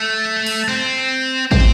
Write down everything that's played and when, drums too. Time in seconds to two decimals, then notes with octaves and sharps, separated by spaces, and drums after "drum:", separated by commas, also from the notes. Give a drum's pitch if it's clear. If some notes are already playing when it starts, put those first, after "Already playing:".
Already playing: A3
0.46 drum: cymbal
0.69 C4
1.52 C4, drum: kick